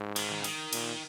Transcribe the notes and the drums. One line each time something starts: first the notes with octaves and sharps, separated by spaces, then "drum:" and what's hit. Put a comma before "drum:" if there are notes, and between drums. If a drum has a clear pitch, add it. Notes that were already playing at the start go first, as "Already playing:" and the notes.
Already playing: G#2
D#3, drum: cymbal
D#3
C#3
D#3, drum: cymbal
A#2, drum: cymbal